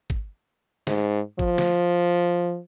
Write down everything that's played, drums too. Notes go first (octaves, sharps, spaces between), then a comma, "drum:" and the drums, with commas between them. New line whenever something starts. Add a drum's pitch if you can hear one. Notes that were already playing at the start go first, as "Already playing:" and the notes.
drum: kick
G#2, drum: snare
F3, drum: kick
drum: snare